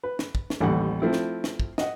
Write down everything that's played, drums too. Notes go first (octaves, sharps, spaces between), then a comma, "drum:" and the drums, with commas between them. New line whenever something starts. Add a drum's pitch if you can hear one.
B4
drum: snare
drum: kick
drum: snare
A1 D#2 D3 G3 F#5
F3 A3 C4 E4
drum: snare
drum: snare
drum: kick
D#5 F#5, drum: snare